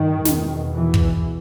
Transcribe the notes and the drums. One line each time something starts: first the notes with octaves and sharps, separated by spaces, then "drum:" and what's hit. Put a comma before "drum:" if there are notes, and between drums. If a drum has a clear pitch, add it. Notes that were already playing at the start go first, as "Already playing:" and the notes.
Already playing: G2 D#3
E2 B2, drum: snare
E3
drum: kick